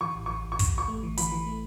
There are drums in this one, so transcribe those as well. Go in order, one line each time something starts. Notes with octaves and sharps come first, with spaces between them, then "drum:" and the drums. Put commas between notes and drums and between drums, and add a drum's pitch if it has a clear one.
E3 C#6
A1
E3 C#6
A1
C#6
A1, drum: kick, hi-hat
A1 C#6
A3
E3
E3 B5, drum: hi-hat
E3
A3